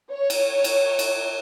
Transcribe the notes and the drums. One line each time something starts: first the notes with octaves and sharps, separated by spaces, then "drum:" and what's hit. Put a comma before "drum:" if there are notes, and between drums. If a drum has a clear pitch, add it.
C#5
drum: cymbal
drum: cymbal
drum: cymbal